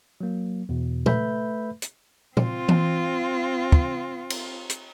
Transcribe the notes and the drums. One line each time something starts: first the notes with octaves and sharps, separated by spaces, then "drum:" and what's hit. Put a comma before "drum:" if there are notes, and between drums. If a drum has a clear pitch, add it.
F#3 A#3
E2 B2
A3 B4 E5 B5 G6, drum: tom A#2
drum: hi-hat
C4 F4, drum: tom A#2
drum: tom E3
drum: kick
drum: cymbal
drum: hi-hat